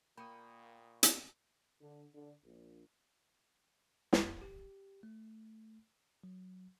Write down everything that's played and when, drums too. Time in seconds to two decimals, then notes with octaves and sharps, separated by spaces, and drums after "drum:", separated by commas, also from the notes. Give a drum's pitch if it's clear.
0.17 A#2 A#3 G5 B5 C#6 D#6
1.03 drum: hi-hat
1.80 D3
2.14 D3
2.44 A#1
4.13 F2, drum: snare
4.42 G4
5.03 A3
6.24 F#3